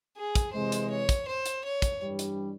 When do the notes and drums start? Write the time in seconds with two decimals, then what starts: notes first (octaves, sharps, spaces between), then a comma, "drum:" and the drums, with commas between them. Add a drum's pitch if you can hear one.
0.17 G#4
0.35 drum: kick, hi-hat
0.53 C3 E3 G#3 C5
0.72 drum: hi-hat
0.90 C#5
1.09 drum: kick, hi-hat
1.28 C5
1.46 drum: hi-hat
1.65 C#5
1.82 drum: kick, hi-hat
2.01 G2 E3 G3
2.19 drum: hi-hat